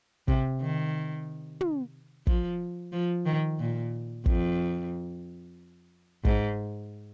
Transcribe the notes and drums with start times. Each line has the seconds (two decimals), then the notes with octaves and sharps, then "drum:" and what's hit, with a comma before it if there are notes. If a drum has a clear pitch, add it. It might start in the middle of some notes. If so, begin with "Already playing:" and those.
0.28 C3, drum: kick
0.61 D#3
1.61 drum: tom
2.27 F3, drum: kick
2.93 F3
3.26 D#3
3.60 A#2
4.26 F2, drum: kick
6.25 G#2, drum: kick